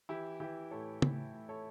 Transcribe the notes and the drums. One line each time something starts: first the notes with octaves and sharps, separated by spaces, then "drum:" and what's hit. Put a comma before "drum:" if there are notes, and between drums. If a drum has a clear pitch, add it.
E3 E4 G4
E3 E4 G4
A2 A4 C#5
A2, drum: tom
A2
A4 C#5